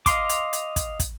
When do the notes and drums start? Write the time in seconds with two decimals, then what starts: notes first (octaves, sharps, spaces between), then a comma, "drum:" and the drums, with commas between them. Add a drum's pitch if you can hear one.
0.06 D#5 F5 C6 D6, drum: kick, hi-hat
0.29 drum: hi-hat
0.53 drum: hi-hat
0.76 drum: kick, hi-hat
1.00 drum: kick, hi-hat